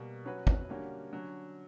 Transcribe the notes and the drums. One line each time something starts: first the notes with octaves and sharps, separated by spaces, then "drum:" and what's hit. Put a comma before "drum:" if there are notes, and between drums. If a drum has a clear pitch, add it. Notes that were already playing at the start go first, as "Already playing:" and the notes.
Already playing: B2 G3 A#3
F#3 C#4 F#4 B4
drum: kick
D3 G3 A#3 C#4 F#4
D3 F#3 C#4